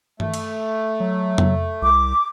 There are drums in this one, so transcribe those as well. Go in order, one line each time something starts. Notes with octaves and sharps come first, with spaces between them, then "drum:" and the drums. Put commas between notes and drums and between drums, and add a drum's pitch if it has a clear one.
A3, drum: tom
drum: cymbal
F#3
drum: tom F2
C2 D6